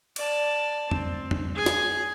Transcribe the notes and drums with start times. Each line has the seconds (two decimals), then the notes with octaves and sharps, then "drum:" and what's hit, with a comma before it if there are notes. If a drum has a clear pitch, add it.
0.16 D5 A5, drum: cymbal
0.91 C4, drum: tom F2
1.31 drum: tom F2
1.55 G#4 G#5
1.66 drum: snare